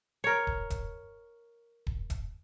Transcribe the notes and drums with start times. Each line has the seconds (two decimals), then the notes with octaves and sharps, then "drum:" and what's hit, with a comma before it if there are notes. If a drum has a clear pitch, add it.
0.24 A#4 C#5
0.47 drum: kick D#1
0.70 drum: kick D#1, hi-hat
1.87 drum: kick D#1
2.10 drum: kick D#1, hi-hat